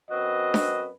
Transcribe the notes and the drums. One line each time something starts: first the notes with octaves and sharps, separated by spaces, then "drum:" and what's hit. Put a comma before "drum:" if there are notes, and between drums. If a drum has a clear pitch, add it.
F#2 C4 F#4 B4 D#5
drum: snare D4